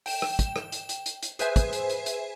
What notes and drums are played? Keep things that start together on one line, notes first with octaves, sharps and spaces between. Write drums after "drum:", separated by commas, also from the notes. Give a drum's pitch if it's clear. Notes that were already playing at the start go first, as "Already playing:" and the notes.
G5 E7, drum: open hi-hat
drum: rim click
drum: kick, hi-hat
drum: rim click
drum: hi-hat
drum: hi-hat
drum: hi-hat
drum: hi-hat
G#4 B4 C5 E5 G#5, drum: hi-hat
drum: kick, hi-hat
drum: hi-hat
drum: hi-hat
drum: hi-hat